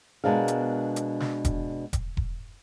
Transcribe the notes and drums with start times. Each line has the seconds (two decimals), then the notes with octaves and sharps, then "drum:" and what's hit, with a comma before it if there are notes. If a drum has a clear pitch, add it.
0.24 B2 G#3 D4 A#4 F5
0.48 drum: hi-hat
0.96 drum: hi-hat
1.20 drum: snare
1.45 drum: kick E1, hi-hat
1.93 drum: kick E1, hi-hat
2.17 drum: kick E1